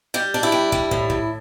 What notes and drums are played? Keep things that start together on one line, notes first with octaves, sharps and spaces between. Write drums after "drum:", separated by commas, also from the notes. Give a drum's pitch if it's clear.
G3 G4
D4
E4
G3
G3, drum: kick
A2, drum: kick
A2, drum: kick